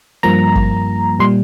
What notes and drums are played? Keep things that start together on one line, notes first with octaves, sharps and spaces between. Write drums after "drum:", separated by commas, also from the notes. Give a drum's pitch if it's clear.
G2 F3 A#3 A#5
drum: kick
A#2 G3 C6